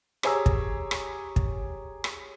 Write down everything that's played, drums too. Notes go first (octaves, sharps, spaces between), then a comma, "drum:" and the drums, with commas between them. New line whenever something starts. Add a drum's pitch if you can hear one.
G4 G#4 C#5 G#5 A#5 E6, drum: rim click
drum: kick
drum: rim click
drum: kick
drum: rim click